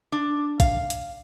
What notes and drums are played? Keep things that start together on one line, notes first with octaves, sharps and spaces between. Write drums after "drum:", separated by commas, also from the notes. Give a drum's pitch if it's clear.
D4
F5, drum: kick, hi-hat
drum: hi-hat